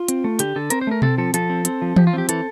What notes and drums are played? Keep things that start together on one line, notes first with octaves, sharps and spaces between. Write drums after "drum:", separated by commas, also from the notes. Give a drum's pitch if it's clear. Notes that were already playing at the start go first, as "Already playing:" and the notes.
Already playing: F4
C4, drum: hi-hat
A3
D3 G4, drum: hi-hat
D3 A4
C4 A#4, drum: hi-hat
C5
A3 A#4
C4 A4, drum: tom B2
F3 A4
F3 A4, drum: hi-hat
C4
C4, drum: hi-hat
F3
F3 G4, drum: tom E3
F4
C4 G4
E3 A4, drum: hi-hat